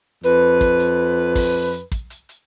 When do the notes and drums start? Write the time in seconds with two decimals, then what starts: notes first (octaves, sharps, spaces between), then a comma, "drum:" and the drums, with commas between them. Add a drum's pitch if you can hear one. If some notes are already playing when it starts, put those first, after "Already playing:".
0.23 F2 B4, drum: hi-hat
0.61 drum: kick, hi-hat
0.79 drum: hi-hat
1.35 drum: kick, open hi-hat
1.73 drum: hi-hat
1.92 drum: kick, hi-hat
2.10 drum: hi-hat
2.29 drum: hi-hat